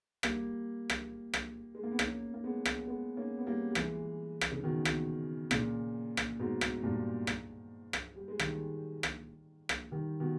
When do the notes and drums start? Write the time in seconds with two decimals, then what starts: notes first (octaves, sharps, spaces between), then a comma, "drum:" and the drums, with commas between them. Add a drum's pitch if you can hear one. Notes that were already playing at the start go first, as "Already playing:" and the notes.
0.23 G3 A#3, drum: rim click
0.90 drum: rim click
1.34 drum: rim click
1.75 G#3
1.83 A#3
1.91 B3
1.99 A#3 C#4, drum: rim click
2.34 A#3
2.44 G#3 B3
2.65 drum: rim click
2.87 G#3 B3
3.17 A#3 C#4
3.38 B3
3.46 G3 A#3
3.71 G3
3.75 E3 G#3, drum: rim click
4.41 drum: rim click
4.52 C#3
4.64 B2 D#3
4.85 drum: rim click
5.51 A#2 C#3, drum: rim click
6.17 drum: rim click
6.39 G#2 B2
6.61 drum: rim click
6.83 G2 A#2
7.27 drum: rim click
7.93 drum: rim click
8.16 G3
8.28 G#3
8.39 D#3 G3, drum: rim click
9.03 drum: rim click
9.69 drum: rim click
9.91 D#3 G3
10.20 B2 D#3